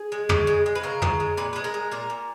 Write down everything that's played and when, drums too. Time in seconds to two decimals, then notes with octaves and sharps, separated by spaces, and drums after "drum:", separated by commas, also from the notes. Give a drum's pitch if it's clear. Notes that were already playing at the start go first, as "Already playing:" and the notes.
Already playing: G#4
0.12 G#3
0.29 C#3, drum: tom
0.47 G#3
0.66 G#3
0.75 B4
0.83 C#3 A#4
1.02 C#3, drum: tom
1.20 G#3
1.37 A#2 B4
1.53 G#3 B4
1.64 A#4
1.74 G#3
1.91 A#2 A#4
2.10 A#2